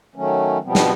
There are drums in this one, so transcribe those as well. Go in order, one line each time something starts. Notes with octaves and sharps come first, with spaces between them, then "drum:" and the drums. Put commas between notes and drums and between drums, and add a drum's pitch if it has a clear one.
D#3 F#3 A3 C#4
B2 F3 G3 B3 C4
drum: snare